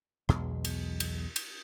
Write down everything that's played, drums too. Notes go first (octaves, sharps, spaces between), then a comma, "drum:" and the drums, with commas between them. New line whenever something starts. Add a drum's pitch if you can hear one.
B1 E2 B2 G#3, drum: rim click
drum: cymbal
drum: cymbal
drum: cymbal